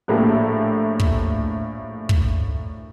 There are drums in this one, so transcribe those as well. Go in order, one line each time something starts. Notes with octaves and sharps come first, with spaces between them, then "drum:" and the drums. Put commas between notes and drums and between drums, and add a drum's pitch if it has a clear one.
A#1 A2 A#3 G4 A4
drum: kick
drum: kick